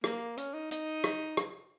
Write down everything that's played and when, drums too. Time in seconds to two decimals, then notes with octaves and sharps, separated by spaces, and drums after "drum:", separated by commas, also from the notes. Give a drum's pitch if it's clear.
0.04 A#3, drum: rim click
0.37 C#4, drum: hi-hat
0.54 D#4
0.71 D#4, drum: hi-hat
1.04 drum: rim click
1.37 drum: rim click